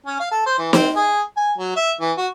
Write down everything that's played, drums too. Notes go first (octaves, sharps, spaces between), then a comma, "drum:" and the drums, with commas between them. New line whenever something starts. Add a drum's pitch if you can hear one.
C#4
F5
A4
C5
E3
C4, drum: snare
G#4
G#5
F#3
E5
E3
F#4